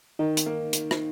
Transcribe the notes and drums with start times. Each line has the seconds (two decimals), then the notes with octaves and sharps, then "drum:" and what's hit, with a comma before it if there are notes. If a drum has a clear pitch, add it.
0.19 D#3 D#4
0.37 drum: hi-hat
0.46 A#3
0.73 drum: hi-hat
0.91 drum: rim click